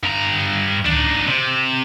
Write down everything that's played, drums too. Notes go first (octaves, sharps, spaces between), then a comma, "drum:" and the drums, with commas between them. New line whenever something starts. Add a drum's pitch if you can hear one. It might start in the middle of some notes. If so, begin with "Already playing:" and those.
G2 A#5
D4 D#4, drum: tom C#2
C3